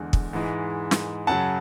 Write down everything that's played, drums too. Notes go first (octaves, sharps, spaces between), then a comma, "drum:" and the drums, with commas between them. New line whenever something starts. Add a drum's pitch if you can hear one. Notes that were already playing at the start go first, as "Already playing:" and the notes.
Already playing: E2 D3 G#3
drum: kick
G#2 E3 G#3
drum: snare
F#2 C#3 F#3 F#5 A5